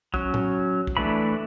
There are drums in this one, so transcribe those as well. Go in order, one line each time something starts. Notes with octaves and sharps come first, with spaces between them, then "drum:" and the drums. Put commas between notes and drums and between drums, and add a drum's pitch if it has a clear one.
F#3 C#4, drum: kick
drum: tom A2
drum: kick
E3 A3 D4 B5